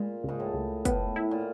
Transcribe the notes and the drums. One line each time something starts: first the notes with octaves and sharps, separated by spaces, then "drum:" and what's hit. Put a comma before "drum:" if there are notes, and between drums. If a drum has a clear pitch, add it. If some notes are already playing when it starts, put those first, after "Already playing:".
Already playing: A#2 G#3
C#2 G#2
A2
C#2
A2 B3, drum: kick, hi-hat
E4
A#2